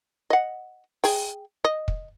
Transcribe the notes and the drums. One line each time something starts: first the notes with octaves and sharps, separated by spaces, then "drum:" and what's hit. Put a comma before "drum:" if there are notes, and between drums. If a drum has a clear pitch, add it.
D#5 F#5
G#4 G5, drum: open hi-hat
D#5
drum: kick